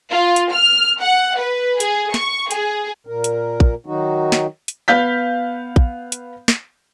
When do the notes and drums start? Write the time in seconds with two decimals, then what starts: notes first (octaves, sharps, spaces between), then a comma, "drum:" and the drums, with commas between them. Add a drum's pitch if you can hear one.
0.11 F4
0.36 drum: hi-hat
0.53 F6
1.01 F#5
1.38 B4
1.80 G#4, drum: hi-hat
2.14 C#6, drum: snare
2.51 G#4, drum: hi-hat
3.07 A#2 A#4
3.24 drum: hi-hat
3.60 drum: kick
3.86 D#3 F#3 D#4 F#4
4.32 drum: snare
4.68 drum: hi-hat
4.88 B3 F5 G6 B6
5.76 drum: kick
6.12 drum: hi-hat
6.48 drum: snare